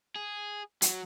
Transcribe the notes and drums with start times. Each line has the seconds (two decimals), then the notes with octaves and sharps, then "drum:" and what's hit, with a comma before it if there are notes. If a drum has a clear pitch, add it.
0.16 G#4
0.82 F#3, drum: hi-hat